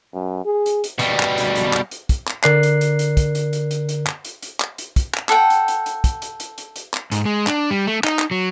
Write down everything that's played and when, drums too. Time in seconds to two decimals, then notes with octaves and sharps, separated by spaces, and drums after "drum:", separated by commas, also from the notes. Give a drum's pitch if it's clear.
0.13 F#2
0.45 G#4
0.66 drum: hi-hat
0.84 drum: hi-hat
0.99 B2 G3, drum: hi-hat
1.20 drum: clap
1.38 drum: hi-hat
1.56 drum: hi-hat
1.74 drum: clap
1.91 drum: hi-hat
2.09 drum: kick, hi-hat
2.27 drum: clap
2.43 D3 A#4 D5 F#6 C7, drum: clap
2.63 drum: hi-hat
2.81 drum: hi-hat
2.99 drum: hi-hat
3.17 drum: kick, hi-hat
3.35 drum: hi-hat
3.53 drum: hi-hat
3.71 drum: hi-hat
3.89 drum: hi-hat
4.07 drum: clap
4.25 drum: hi-hat
4.43 drum: hi-hat
4.60 drum: clap
4.78 drum: hi-hat
4.96 drum: kick, hi-hat
5.14 drum: clap
5.29 A4 F#5 G5, drum: clap
5.50 drum: hi-hat
5.68 drum: hi-hat
5.86 drum: hi-hat
6.04 drum: kick, hi-hat
6.22 drum: hi-hat
6.40 drum: hi-hat
6.58 drum: hi-hat
6.76 drum: hi-hat
6.94 drum: clap
7.12 G#2, drum: hi-hat
7.26 G#3
7.47 D4, drum: clap
7.71 G3
7.87 A3
8.04 D#4, drum: clap
8.19 drum: clap
8.31 F#3